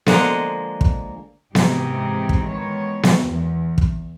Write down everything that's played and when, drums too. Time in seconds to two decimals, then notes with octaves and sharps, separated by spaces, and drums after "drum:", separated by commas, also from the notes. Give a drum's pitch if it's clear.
0.06 D3 F3 G#3 A#3 D#5 F#5, drum: snare B3
0.81 drum: kick
1.55 G#2 C3 E3 D#4 G4 G#4, drum: snare B3
2.29 drum: kick
2.45 D#3 E3 G#3 B3 C#5
3.03 drum: snare B3
3.23 E2
3.78 drum: kick